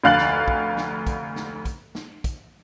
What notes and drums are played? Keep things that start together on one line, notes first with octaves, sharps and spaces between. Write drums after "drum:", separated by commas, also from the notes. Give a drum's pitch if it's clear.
F1 D2 F5 F#6 A6 F#7
drum: snare
drum: kick
drum: snare
drum: kick, hi-hat
drum: snare
drum: kick, hi-hat
drum: snare
drum: kick, hi-hat